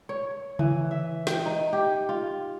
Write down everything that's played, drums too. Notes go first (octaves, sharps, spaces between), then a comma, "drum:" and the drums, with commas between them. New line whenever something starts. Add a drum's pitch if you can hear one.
C#5
E3, drum: tom C#3
E5
G5, drum: snare
D#4
G4
F4